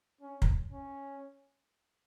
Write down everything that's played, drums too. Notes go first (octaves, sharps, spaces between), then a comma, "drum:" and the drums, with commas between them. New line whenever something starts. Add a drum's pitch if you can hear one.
C#4
drum: kick
C#4